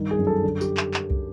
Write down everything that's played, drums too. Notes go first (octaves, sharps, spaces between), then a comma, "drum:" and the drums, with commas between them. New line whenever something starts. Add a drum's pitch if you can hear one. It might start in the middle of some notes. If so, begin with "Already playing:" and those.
Already playing: G2 D#3
G#4
F#2
A4
D3
G4, drum: tambourine
drum: clap
drum: clap
drum: kick